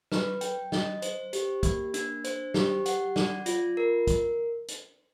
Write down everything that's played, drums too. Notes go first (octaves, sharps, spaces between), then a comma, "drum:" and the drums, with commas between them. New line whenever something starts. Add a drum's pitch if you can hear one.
B4, drum: snare
G5, drum: hi-hat
D#5, drum: snare
C5, drum: hi-hat
G4, drum: hi-hat
A#3, drum: kick, hi-hat
D4, drum: hi-hat
C5, drum: hi-hat
G4, drum: snare
F#5, drum: hi-hat
D5, drum: snare
F4, drum: hi-hat
A#4
drum: kick, hi-hat
drum: hi-hat